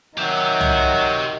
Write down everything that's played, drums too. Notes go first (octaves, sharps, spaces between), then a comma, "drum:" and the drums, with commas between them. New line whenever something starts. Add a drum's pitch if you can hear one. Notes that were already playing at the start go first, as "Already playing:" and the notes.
D#3 F#3 G4 E5
drum: tom